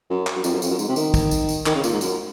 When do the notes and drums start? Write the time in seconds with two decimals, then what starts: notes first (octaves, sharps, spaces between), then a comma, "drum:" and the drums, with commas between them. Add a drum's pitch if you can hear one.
0.10 F#2
0.27 drum: clap
0.36 F#2
0.44 F2, drum: tambourine
0.53 F#2
0.62 F2, drum: tambourine
0.70 F#2
0.79 G#2, drum: tambourine
0.88 C3
0.96 D#3, drum: tambourine
1.14 drum: kick, tambourine
1.31 drum: tambourine
1.49 drum: tambourine
1.66 D#3, drum: clap
1.75 C#3
1.84 A#2, drum: tambourine
1.93 G#2
2.01 F#2, drum: tambourine